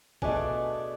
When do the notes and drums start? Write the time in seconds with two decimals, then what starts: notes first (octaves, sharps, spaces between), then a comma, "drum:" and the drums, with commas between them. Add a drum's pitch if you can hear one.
0.22 B2 A3 D4 G#4, drum: kick A1